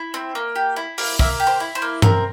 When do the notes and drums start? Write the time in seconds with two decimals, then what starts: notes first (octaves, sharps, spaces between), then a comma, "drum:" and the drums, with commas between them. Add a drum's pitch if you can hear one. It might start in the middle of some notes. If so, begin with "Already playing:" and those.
Already playing: E4
0.14 C4
0.35 A#3
0.56 G4
0.76 E4
0.98 A#3, drum: open hi-hat
1.19 A#3 E5, drum: kick
1.40 G4
1.47 C5
1.60 E4
1.75 C5
1.82 A#3
2.02 C4 A#4, drum: tom G2